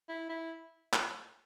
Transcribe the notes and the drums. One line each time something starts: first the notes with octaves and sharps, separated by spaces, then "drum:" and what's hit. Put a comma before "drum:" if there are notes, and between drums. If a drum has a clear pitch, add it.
E4
E4
drum: clap